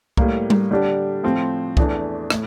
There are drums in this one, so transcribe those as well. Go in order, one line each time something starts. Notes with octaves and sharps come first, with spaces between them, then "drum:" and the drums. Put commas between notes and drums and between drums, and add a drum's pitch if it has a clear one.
A2 G3 A#3, drum: kick C2
drum: tom G3
D3 G3 D4 G4
A2 F3 C4
E2 E3 A3 D4, drum: kick C2
A2, drum: rim click